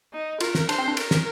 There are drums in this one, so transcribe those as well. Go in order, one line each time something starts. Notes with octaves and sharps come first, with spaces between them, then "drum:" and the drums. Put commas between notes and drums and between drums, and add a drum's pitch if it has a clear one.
D#4
F4 A#4, drum: cymbal
drum: snare
D4 C5, drum: cymbal
C4
D4
A#4, drum: cymbal
drum: snare